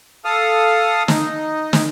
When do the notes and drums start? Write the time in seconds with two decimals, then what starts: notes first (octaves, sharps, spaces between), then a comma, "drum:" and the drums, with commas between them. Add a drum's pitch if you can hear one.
0.25 A4 F5 D#6
1.08 D#4, drum: snare
1.73 drum: snare